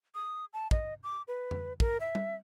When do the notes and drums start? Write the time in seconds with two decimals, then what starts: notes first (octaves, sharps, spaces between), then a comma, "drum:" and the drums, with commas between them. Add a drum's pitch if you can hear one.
0.15 D#6
0.53 A5
0.71 D#5, drum: kick
1.03 D6
1.28 B4
1.51 drum: tom F2
1.80 A#4, drum: kick
2.00 E5
2.15 drum: tom G3